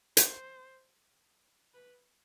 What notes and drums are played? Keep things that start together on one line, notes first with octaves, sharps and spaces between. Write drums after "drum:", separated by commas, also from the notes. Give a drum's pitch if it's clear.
C5, drum: hi-hat
B4